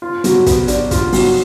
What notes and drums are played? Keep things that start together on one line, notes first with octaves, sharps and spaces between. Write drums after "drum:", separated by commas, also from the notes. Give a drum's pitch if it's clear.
F4
F#3, drum: hi-hat
B3, drum: kick, hi-hat
D4, drum: hi-hat
F4, drum: kick, hi-hat
F#3, drum: open hi-hat